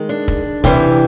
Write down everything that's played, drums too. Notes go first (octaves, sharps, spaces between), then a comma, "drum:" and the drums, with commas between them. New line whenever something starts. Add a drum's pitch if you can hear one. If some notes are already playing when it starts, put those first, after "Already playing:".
Already playing: D#3 G#3
D4
drum: kick
C3 E3 G3, drum: kick